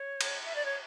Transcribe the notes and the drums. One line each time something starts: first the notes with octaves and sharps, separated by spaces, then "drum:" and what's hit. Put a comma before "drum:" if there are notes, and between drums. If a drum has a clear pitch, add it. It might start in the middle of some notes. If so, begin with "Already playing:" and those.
Already playing: C#5
drum: cymbal
E5
D5
C#5